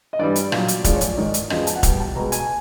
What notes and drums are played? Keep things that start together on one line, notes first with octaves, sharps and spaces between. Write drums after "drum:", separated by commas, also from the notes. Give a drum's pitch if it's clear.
D#5
G2 E3 G3 D5
drum: hi-hat
A#2 F#3, drum: rim click
drum: hi-hat
G#2 F3 G#3 D5, drum: kick, hi-hat
C#5
D5, drum: hi-hat
G#2 D#3 G#3
drum: hi-hat
E2 C#3 F3 G#3 D#5, drum: rim click
A5, drum: hi-hat
F#5
B2 G3 G5, drum: kick, hi-hat
A5
B2 G#3 A#5
G#5, drum: hi-hat